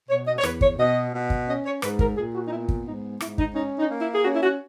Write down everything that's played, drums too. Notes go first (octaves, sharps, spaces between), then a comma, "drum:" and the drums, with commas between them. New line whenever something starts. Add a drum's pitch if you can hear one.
B2 C#5
D#5
C#5
E2 B4, drum: rim click
C#5, drum: kick
B2 D#5
B2
drum: kick
C#4 D#5
C#5
G#2 B4, drum: rim click
A#4, drum: kick
A#2 G#4
F#4
D#4
B3 E4
drum: kick
G#2 D#4
G#2 E4, drum: rim click
D#4, drum: kick
C#4 D#4
D#4
A#3
E4
G#4
C#4 F#4
E4
F#4